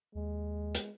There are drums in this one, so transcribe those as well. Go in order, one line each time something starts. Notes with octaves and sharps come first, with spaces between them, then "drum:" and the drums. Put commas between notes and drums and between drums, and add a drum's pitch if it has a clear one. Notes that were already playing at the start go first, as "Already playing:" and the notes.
D#2 G#3
drum: hi-hat